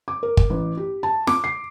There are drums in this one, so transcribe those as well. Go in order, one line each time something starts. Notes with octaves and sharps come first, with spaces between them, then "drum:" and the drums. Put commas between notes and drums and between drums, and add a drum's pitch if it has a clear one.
D6
A#4
drum: kick
A1
G4
A5
D6, drum: snare
C7